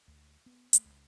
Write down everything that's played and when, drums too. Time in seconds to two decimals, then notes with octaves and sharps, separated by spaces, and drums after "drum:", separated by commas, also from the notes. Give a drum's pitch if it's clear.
0.08 D2
0.46 B3
0.73 A3, drum: hi-hat
0.85 C#2